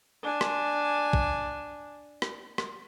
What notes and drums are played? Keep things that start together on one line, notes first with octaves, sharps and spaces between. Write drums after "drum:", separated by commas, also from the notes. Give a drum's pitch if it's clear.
D4 G#5
drum: rim click
drum: kick
drum: rim click
drum: rim click